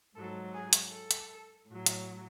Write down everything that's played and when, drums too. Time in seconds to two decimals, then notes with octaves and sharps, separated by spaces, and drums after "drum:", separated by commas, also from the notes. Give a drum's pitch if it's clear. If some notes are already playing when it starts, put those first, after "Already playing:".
0.15 G#2 F#3 A4
0.54 G#4
0.73 drum: hi-hat
0.92 A4
1.11 drum: hi-hat
1.67 A2 F#3
1.86 drum: hi-hat